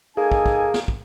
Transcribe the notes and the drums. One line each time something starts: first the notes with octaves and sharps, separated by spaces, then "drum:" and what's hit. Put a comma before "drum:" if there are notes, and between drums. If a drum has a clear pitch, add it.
A#3 D#4 G#4 A4 G#5
drum: kick
drum: kick
drum: snare
drum: kick